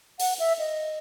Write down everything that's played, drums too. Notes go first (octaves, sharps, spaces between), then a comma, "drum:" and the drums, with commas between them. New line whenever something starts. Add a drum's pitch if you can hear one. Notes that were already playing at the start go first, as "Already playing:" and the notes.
F#5, drum: open hi-hat
E5
D#5